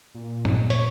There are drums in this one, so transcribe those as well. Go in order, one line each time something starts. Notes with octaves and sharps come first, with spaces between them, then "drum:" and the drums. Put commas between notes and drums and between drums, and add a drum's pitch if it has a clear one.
A#2
drum: tom
C#5, drum: hi-hat